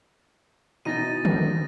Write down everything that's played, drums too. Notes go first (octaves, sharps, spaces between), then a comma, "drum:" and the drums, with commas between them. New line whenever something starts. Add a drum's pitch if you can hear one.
B2 E3 D#4 A6 A#6 D#7
drum: tom D3